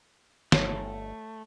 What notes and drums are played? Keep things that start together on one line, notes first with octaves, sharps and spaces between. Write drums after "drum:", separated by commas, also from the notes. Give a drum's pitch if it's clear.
G1 A3 C#5, drum: snare